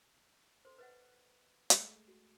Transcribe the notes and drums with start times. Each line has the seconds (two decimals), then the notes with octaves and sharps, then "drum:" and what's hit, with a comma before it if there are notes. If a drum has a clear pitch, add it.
0.65 A4 C5 C6
0.78 B4 D#5 F#5 F#6
1.70 G#3 A3, drum: hi-hat
2.08 F#4